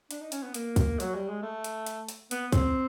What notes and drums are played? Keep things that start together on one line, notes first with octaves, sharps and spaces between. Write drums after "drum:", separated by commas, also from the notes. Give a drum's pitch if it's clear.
D4, drum: hi-hat
D#4
C#4, drum: hi-hat
B3
A#3, drum: hi-hat
drum: kick, hi-hat
F#3, drum: hi-hat
G3
G#3
A3
drum: hi-hat
drum: hi-hat
drum: hi-hat
B3, drum: hi-hat
C4, drum: kick, hi-hat